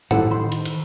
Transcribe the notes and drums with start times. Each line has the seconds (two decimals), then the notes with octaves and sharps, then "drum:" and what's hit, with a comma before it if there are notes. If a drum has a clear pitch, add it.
0.11 G2 D#3 E4 A4 C5 F#5, drum: tom A2
0.31 D#3 C5 B5 C6
0.52 drum: cymbal
0.65 drum: cymbal